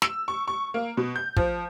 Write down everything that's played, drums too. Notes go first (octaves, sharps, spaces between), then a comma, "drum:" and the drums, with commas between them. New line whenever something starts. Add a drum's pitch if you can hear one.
E6, drum: snare
C#6
C#6
A#3
B2
G6
F3, drum: kick